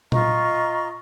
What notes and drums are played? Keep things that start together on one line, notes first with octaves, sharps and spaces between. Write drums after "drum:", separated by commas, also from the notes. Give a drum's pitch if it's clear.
F4 D#5 A#5 C#6, drum: tom A#2